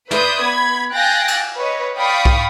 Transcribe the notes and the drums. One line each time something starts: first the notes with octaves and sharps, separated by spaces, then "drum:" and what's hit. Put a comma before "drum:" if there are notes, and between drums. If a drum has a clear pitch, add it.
B4 D5 E5 C6 D#6 G6, drum: snare
B3 B5 G#6
F5 G5 G#5 F#6 A6 A#6
drum: cymbal
B4 C#5 D#5
D5 F5 G5 B5 C#6 D#6
drum: kick B1